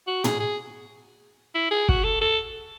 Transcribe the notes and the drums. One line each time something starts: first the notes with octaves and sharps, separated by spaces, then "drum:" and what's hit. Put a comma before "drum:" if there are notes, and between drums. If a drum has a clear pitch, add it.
F#4
G#4, drum: tom
G#4
E4
G#4
F#4, drum: kick
A4
A4